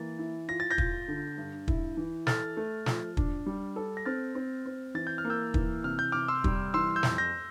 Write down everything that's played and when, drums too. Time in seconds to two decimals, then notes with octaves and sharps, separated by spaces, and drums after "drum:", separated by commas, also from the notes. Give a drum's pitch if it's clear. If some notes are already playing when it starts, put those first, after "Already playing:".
Already playing: E3 A#3 A6
0.19 E4
0.48 F4 A#6
0.60 A6
0.71 G6 A#6
0.78 F4, drum: kick
1.08 D3
1.38 G2
1.68 E4, drum: kick
1.97 E3
2.27 A4 F6 A6, drum: snare
2.57 A3
2.86 F3, drum: snare
3.17 D4, drum: kick
3.46 G3
3.76 A4
3.97 A#6
4.06 C4 F6 A6
4.35 C4
4.66 C4
4.94 E3 A6
5.07 G6
5.18 F6
5.25 A#3
5.30 E6 G6
5.54 E3, drum: kick
5.84 C3 F6
5.99 G6
6.12 C3 D6 F6
6.28 C6 E6
6.44 G3, drum: kick
6.74 E3 C6 E6
6.96 E6 G6
7.03 F2, drum: snare
7.18 G6 A#6